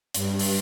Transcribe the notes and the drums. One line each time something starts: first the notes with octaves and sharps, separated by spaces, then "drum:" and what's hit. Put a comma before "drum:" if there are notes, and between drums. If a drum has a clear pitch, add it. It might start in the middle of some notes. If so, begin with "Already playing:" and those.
G2, drum: hi-hat
drum: open hi-hat